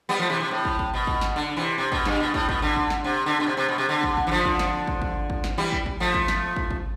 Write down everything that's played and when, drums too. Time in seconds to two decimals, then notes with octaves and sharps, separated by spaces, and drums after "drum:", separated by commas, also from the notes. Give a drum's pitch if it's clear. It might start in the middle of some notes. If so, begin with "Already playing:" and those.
0.09 G3 B3
0.19 F3 A3
0.29 C3 E3
0.40 C3
0.51 A2
0.65 drum: kick
0.79 drum: kick
0.94 B2
1.07 drum: kick
1.21 drum: snare
1.36 D3
1.56 C3 E3
1.78 C3
1.92 B2, drum: kick
2.05 G2, drum: snare
2.20 B2
2.34 A2, drum: kick
2.49 B2, drum: kick
2.62 D3
2.76 drum: kick
2.90 drum: snare
3.04 C3
3.26 D3
3.40 B2
3.47 C3
3.57 C3
3.68 B2
3.78 C3
3.89 D3
4.03 drum: kick
4.17 drum: kick
4.27 E3
4.31 D3 F3
4.45 drum: kick
4.59 drum: snare
4.88 drum: kick
5.02 drum: kick
5.30 drum: kick
5.44 drum: snare
5.58 E3 G3
5.72 drum: kick
5.86 drum: kick
6.00 F3 A3
6.14 drum: kick
6.28 drum: snare
6.56 drum: kick
6.71 drum: kick